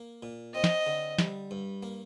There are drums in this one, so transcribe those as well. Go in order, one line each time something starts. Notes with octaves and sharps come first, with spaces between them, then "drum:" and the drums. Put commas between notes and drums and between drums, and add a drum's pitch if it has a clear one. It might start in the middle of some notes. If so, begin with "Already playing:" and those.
Already playing: A#3
A#2
C4 D#5
drum: snare
D3
G3, drum: snare
G2
A#3